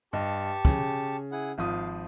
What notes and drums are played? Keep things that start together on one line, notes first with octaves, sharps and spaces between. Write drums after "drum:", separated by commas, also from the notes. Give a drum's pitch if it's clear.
G2 G4 D#5 A5 C#6
C#3, drum: kick
E4 G#4 F#5
G#1 F3 F5 D#6